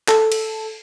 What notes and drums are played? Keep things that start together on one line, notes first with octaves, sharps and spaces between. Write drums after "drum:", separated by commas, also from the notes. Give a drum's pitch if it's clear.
A4, drum: clap
drum: cymbal